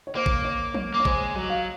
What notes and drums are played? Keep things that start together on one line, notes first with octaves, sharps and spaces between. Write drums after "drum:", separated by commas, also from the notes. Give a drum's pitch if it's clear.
C#5
A#3 C5
drum: kick A1
C#5
C#5, drum: tom F3
A#3
C#5
G#3 C5, drum: kick A1
F#3
F5